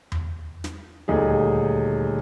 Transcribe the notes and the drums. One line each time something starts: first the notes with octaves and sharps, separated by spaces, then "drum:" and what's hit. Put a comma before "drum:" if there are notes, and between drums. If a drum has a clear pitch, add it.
drum: tom E2
drum: snare
D#1 D2 D#4 G#4